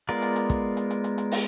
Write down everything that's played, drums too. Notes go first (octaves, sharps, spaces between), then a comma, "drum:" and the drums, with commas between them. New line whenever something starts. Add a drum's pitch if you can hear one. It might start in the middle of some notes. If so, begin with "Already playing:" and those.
G#3 B3 F4 A#4 D5
drum: hi-hat
drum: hi-hat
drum: kick, hi-hat
drum: hi-hat
drum: hi-hat
drum: hi-hat
drum: hi-hat
drum: open hi-hat